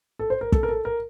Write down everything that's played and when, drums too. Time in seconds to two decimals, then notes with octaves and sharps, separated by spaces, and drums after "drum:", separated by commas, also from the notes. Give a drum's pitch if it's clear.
0.19 A4
0.30 C5
0.41 A#4
0.52 A4, drum: kick
0.63 A#4
0.69 A4
0.85 A#4